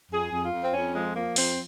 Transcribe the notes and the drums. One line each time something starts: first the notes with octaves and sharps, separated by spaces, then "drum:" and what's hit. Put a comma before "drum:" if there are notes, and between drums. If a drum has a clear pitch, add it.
F2 G#4
F2
F4
F2
C4
F2 C#4
F3 G#3
F3 A#3
F2 C4, drum: open hi-hat